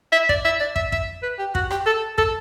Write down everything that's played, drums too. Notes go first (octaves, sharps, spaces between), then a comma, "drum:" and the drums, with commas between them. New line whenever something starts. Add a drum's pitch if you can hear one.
E5
D5, drum: kick
E5
D5
E5, drum: kick
E5, drum: kick
B4
G4
F#4, drum: kick
G4, drum: rim click
A4
A4, drum: kick